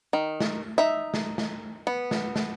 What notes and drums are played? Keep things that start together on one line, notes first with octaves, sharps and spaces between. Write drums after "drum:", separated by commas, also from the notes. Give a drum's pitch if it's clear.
D#3
drum: snare
D#4 E5
drum: snare
drum: snare
B3
drum: snare
drum: snare